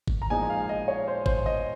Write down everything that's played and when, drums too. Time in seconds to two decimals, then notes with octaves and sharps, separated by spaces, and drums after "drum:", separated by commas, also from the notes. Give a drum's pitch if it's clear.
0.07 drum: kick G1
0.22 A#5
0.30 A#2 F3 G#3 D#4 G#5
0.50 F5
0.69 D#5
0.88 C#5
1.08 C5
1.26 C5, drum: kick G1
1.46 D#5